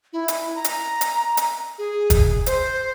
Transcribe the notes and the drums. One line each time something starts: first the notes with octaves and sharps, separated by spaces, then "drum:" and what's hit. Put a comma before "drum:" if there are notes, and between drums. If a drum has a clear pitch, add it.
E4
drum: hi-hat
A#5
drum: hi-hat
drum: hi-hat
drum: hi-hat
G#4
drum: kick, hi-hat
C5, drum: hi-hat